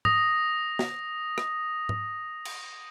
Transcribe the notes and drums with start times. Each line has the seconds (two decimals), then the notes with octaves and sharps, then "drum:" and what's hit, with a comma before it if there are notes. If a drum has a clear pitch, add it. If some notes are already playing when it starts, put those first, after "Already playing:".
0.05 D#6 A#6, drum: tom G#2
0.79 drum: snare
1.38 drum: rim click
1.89 drum: tom G#2
2.45 drum: cymbal